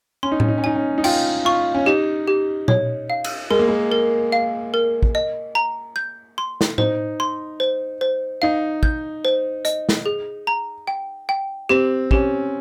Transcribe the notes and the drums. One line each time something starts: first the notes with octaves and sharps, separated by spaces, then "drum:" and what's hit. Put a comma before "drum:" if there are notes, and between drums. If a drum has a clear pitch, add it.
C#4 C6
D#4
C#4, drum: tom A2
D#4
C#4
D#4 G#5
C#4
D#4
F4 G5, drum: cymbal
F4 C#6
C#4
D#4 G4
G4
C#5, drum: tom A#2
F5
drum: cymbal
G#3 A#4
A#3
G#3
A#4
F5
A#4
drum: kick
D#5
A#5
G6
C6
drum: snare
D#4 C5, drum: tom A2
C6
C5
C5
D#4 F5
G6, drum: kick
C5
D#5, drum: hi-hat
drum: snare
G#4
A#5
G5
G5
C4 G4
C#4 G4, drum: kick